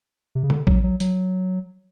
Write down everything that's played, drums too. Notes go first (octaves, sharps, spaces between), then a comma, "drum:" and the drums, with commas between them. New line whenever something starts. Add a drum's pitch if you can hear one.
C3
C#3
D3, drum: tom
F#3, drum: kick A1
F#3
F#3, drum: hi-hat